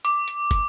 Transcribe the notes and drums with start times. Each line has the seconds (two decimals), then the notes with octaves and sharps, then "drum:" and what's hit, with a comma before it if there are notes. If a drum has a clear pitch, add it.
0.05 D6, drum: hi-hat
0.28 drum: hi-hat
0.51 drum: kick, hi-hat